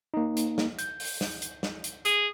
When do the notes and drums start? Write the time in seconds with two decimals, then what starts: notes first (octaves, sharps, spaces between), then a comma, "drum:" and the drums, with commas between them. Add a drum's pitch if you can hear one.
0.14 A#3 D#4
0.37 drum: hi-hat
0.58 drum: snare
0.79 G6, drum: hi-hat
1.00 drum: open hi-hat
1.21 drum: snare
1.42 drum: hi-hat
1.63 drum: snare
1.84 drum: hi-hat
2.05 G#4, drum: hi-hat